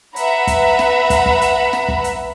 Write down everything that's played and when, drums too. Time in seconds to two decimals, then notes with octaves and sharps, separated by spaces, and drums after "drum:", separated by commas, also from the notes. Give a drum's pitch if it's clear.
0.16 B4 E5 F#5 A#5 B5, drum: hi-hat
0.47 drum: kick, hi-hat
0.79 drum: snare
1.10 drum: kick, hi-hat
1.26 drum: kick
1.41 drum: hi-hat
1.73 drum: snare
1.88 drum: kick
2.04 drum: hi-hat